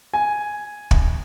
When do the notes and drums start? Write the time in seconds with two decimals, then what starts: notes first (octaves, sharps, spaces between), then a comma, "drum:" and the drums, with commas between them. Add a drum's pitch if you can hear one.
0.14 G#5
0.91 drum: kick